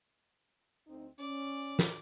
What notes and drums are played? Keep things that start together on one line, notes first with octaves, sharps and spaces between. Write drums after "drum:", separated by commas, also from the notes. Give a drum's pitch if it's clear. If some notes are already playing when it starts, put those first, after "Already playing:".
D2 C4 D#4
C#4 D5
drum: snare